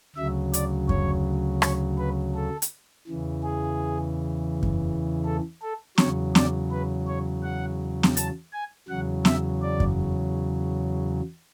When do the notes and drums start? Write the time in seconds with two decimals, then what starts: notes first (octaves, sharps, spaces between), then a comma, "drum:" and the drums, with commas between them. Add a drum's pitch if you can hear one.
0.16 D2 C#3 F#3 E5
0.53 D5, drum: hi-hat
0.89 C#5, drum: kick F#2
1.62 C#5, drum: rim click
1.98 B4
2.35 A4
2.62 drum: hi-hat
3.07 E2 C#3 E3
3.43 G#4
4.63 drum: kick F#2
5.25 A4
5.62 A4
5.98 E2 C#3 F#3 C#5, drum: snare
6.35 D5, drum: snare
6.71 B4
7.08 C#5
7.43 F#5
8.03 drum: snare
8.17 A5, drum: hi-hat
8.53 G#5
8.89 E2 C#3 F#3 F#5
9.25 E5, drum: snare
9.62 D5
9.80 drum: kick F#2